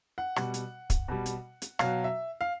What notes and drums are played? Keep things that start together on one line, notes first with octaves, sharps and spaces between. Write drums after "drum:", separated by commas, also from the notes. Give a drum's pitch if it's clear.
F#5
B2 G3, drum: rim click
drum: hi-hat
drum: kick, hi-hat
B2 G3
drum: hi-hat
drum: hi-hat
B2 F#3 F5, drum: rim click
E5
F5